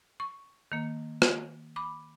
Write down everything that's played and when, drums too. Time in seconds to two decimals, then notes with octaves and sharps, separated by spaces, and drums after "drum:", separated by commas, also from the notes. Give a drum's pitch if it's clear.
0.20 C#6
0.72 D#3 A#3
1.22 drum: rim click
1.76 B5 D6